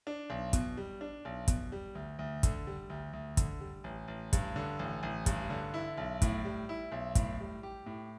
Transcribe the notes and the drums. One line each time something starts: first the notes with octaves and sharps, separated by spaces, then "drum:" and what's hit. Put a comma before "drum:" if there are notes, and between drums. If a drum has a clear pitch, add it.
D4
B1
B2, drum: kick, hi-hat
G3
D4
B1
B2, drum: kick, hi-hat
G3
D2
D2
D3, drum: kick, hi-hat
G3
D2
D2
D3, drum: kick, hi-hat
G3
A1
A1
G2, drum: kick, hi-hat
D3
A1
A1
G2, drum: kick, hi-hat
D3
E4
B1
A2, drum: kick, hi-hat
G3
E4
B1
A2, drum: kick, hi-hat
G3
G4
A2